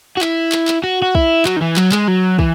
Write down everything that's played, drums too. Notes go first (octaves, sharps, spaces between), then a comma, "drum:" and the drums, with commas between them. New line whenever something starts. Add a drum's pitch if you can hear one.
F#4
E4, drum: clap
drum: clap
drum: clap
F#4
F#4
E4, drum: kick
F#3, drum: clap
D#3
E3
F#3, drum: clap
G#3, drum: clap
F#3
E3, drum: kick